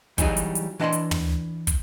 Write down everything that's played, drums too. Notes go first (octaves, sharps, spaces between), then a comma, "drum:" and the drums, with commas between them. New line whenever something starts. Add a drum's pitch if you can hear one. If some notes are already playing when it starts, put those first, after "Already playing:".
E3 F#3 G3 D#4 G#4, drum: kick, hi-hat
drum: hi-hat
drum: hi-hat
E3 D4 D#5 F#5 B5 C6
drum: hi-hat
drum: tom
drum: kick, hi-hat